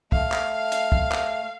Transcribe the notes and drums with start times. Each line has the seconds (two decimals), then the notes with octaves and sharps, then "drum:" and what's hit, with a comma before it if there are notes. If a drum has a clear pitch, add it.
0.12 A3 F5, drum: kick
0.32 drum: clap
0.72 drum: hi-hat
0.92 drum: kick
1.12 drum: clap